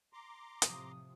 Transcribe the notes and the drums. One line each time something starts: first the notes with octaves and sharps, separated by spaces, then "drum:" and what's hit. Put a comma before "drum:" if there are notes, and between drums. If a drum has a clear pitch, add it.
A#5 C6 D6
A2 C3 F3 D#6, drum: hi-hat